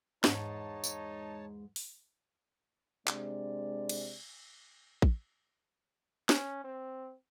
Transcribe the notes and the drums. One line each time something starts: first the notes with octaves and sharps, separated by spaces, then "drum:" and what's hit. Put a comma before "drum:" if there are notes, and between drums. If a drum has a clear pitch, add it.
E2 G#2 G#3 D#4 C#5 A5, drum: snare
drum: tambourine
drum: open hi-hat
C3 G#3 D4 D5, drum: clap
drum: cymbal
drum: kick
C#4, drum: snare
C4